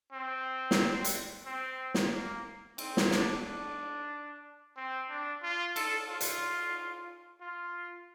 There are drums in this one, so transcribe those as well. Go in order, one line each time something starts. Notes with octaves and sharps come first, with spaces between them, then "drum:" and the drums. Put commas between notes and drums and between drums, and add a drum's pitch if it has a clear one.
C4
drum: snare
drum: hi-hat
C4
drum: snare
A#3
C4, drum: cymbal
drum: snare
D4, drum: snare
D4
C4
D4
F4
A4, drum: cymbal
F4
drum: hi-hat
F4